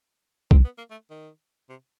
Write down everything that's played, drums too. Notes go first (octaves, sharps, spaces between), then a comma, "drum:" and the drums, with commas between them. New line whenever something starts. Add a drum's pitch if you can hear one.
C4, drum: kick C2
B3
A#3
A3
D#3
C3